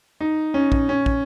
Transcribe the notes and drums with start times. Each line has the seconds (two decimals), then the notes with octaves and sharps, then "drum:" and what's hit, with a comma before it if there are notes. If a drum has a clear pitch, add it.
0.21 D#4
0.54 C#4
0.72 drum: kick
0.89 C#4
1.06 drum: kick